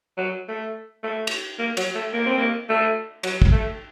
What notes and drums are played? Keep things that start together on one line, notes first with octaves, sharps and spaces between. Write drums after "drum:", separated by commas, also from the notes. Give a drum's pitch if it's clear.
F#3
A3
A3
drum: cymbal
A#3
F#3, drum: cymbal
A3
A#3
C4
A#3
A3
F#3, drum: cymbal
drum: kick
A3